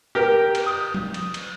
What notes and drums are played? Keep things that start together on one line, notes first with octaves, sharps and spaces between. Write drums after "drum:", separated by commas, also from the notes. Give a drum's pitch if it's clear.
G4 A#4, drum: rim click
drum: cymbal
D#6
drum: tom
drum: cymbal
drum: cymbal